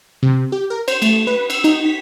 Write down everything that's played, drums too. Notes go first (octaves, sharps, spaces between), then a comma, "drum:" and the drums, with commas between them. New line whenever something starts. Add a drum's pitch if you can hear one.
C3
G4
A#4
C5, drum: cymbal
A3, drum: cymbal
B4
E6, drum: cymbal
D#4, drum: cymbal
B6